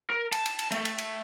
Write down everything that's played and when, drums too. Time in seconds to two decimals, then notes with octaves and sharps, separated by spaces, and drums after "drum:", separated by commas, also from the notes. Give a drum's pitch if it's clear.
0.10 A#4
0.32 A5, drum: cymbal
0.46 drum: cymbal
0.59 drum: cymbal
0.72 A3, drum: cymbal
0.85 drum: cymbal
0.98 drum: cymbal